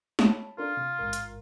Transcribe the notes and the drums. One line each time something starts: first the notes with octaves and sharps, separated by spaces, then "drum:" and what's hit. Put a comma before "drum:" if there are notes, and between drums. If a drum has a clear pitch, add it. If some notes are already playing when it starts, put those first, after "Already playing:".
C#5 A5 B5, drum: snare
D4 F4 A4 A#4
C3
A1 G#2 A#4
drum: hi-hat